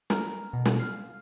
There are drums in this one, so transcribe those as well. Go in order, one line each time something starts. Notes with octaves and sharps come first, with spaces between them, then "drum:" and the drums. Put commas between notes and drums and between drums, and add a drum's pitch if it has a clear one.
A#4, drum: snare
B2
drum: snare
F5